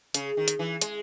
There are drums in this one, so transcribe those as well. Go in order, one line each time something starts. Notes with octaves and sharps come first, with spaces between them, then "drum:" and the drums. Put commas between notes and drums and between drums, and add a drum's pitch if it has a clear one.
C#3, drum: hi-hat
D#3
drum: hi-hat
E3
G#3, drum: hi-hat